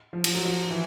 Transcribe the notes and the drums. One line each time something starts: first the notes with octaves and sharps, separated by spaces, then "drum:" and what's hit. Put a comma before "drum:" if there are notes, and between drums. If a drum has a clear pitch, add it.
F3
F3, drum: cymbal
F#3
F3
E3